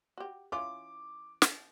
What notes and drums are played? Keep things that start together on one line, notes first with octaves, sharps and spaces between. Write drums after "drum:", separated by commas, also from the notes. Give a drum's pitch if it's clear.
F#4 G4
E3 C#4 F4 D6
drum: snare